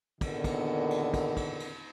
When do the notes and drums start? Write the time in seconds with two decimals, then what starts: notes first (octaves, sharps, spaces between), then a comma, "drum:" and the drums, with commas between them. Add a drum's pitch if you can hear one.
0.21 E2 A#2 D3 D#3 B3, drum: kick, cymbal
0.44 drum: kick, cymbal
0.91 drum: cymbal
1.14 drum: kick, cymbal
1.37 drum: kick, cymbal
1.60 drum: cymbal